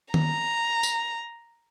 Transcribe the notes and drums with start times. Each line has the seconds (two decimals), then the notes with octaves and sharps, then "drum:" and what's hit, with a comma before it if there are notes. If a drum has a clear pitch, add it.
0.14 A#5, drum: tom D#3
0.83 drum: tambourine